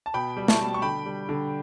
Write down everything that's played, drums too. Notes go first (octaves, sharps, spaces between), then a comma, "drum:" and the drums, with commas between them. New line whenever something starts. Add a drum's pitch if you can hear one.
A5
B2 G5 B5
G3
A5 C#6, drum: snare
B2
C#6
D3 G5 B5
G3
D3